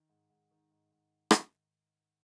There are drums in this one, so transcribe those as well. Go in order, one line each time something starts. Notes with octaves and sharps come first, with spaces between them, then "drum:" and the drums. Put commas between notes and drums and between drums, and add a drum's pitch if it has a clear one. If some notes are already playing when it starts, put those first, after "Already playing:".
Already playing: D#3
G#2
G#2
D#3
G#2
G#2
drum: rim click